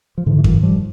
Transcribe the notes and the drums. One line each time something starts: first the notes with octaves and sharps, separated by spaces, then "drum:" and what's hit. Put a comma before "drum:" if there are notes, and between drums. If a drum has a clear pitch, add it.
F3
G#2 D3 E3
E3
D#3 F3, drum: kick F2
G#2
F3 G3